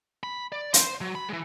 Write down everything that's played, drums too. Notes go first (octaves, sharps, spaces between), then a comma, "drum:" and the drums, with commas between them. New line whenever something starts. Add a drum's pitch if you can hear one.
B5
D5
C5 C6, drum: hi-hat
F#3
B5
E3 G#3